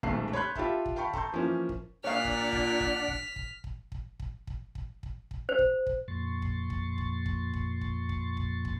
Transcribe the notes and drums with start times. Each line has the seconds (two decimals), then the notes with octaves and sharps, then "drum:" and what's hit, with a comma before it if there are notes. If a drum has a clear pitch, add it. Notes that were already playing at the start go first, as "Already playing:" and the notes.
0.03 D#1 B1 G#2 A3 C7, drum: kick
0.33 C#5 B5 C6 F#6 G6
0.55 F4 G4 A4 E5 B5, drum: kick
0.86 drum: kick
0.96 F5 G5 A5 B5 C#6
1.13 A4 A#5 C6 C#6 G6, drum: kick
1.32 E3 F3 A#3 C#4
1.69 drum: kick
2.04 A#2 D4 C#5 D5 F5 F#5 F6 B6
2.25 drum: kick
2.53 drum: kick
2.80 drum: kick
3.08 drum: kick
3.36 drum: kick
3.64 drum: kick
3.92 drum: kick
4.20 drum: kick
4.47 drum: kick
4.75 drum: kick
5.03 drum: kick
5.31 drum: kick
5.49 C5
5.59 drum: kick
5.87 drum: kick
6.08 F2 A#2 C6 C#6 A6
6.42 drum: kick
6.70 drum: kick
6.98 drum: kick
7.26 drum: kick
7.54 drum: kick
7.81 drum: kick
8.09 drum: kick
8.37 drum: kick
8.65 drum: kick